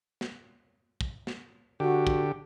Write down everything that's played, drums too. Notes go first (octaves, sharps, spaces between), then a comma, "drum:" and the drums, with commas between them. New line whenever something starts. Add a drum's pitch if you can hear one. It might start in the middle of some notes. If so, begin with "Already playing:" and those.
drum: snare
drum: kick
drum: snare
D3 F#4 G4
drum: kick